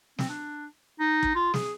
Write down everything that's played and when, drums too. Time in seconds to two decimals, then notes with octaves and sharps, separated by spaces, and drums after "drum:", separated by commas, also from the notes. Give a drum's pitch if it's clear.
0.19 C4, drum: snare
0.29 D4
1.00 D#4
1.23 drum: kick
1.35 F4
1.54 G#4, drum: snare